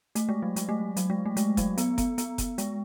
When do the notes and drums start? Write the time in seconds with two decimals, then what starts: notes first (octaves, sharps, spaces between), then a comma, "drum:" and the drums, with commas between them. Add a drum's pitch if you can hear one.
0.15 A3, drum: hi-hat
0.29 G#3
0.42 F#3
0.56 G#3, drum: hi-hat
0.69 A3
0.96 F#3, drum: hi-hat
1.10 G#3
1.26 A3
1.37 G#3, drum: hi-hat
1.57 F#3, drum: kick F1, hi-hat
1.78 B3, drum: hi-hat
1.98 B3, drum: kick F1, hi-hat
2.18 B3, drum: hi-hat
2.38 drum: kick F1, hi-hat
2.58 G#3, drum: hi-hat